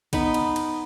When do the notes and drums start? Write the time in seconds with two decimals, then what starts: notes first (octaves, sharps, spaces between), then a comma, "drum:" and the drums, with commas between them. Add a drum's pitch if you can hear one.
0.13 B3 D#4 B5, drum: kick C2, cymbal
0.34 drum: cymbal
0.56 drum: cymbal